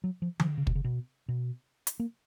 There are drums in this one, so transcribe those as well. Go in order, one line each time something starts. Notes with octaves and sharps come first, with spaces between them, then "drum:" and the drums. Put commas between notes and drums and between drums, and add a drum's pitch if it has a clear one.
F#3
F3
F3, drum: tom D3
C#3
B2, drum: kick
C#3
B2
B2
drum: hi-hat
A#3